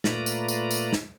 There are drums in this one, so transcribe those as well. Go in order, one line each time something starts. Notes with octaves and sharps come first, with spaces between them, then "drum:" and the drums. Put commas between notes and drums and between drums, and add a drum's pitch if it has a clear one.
A#2 A3 F4 B4 D5 A#5, drum: snare
drum: tambourine
drum: tambourine
drum: tambourine
drum: snare